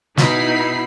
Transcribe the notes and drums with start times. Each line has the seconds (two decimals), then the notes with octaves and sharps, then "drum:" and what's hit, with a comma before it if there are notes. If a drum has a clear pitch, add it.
0.17 B2 D#4 E4 B5 C7, drum: snare